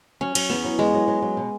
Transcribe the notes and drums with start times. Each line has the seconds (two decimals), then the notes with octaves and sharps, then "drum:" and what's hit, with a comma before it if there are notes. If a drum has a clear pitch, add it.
0.21 F#3 C#4
0.35 F#3, drum: cymbal
0.50 E2 B3
0.64 F#3
0.79 E2 G#3
0.94 F#3
1.08 F#3
1.22 F#3
1.37 B2